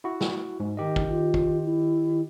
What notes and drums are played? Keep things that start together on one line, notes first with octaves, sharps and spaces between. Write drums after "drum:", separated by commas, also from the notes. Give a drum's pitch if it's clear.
E4 F#4
drum: snare
G#2
D#3 G4 D#5
drum: kick
F4
drum: kick
E4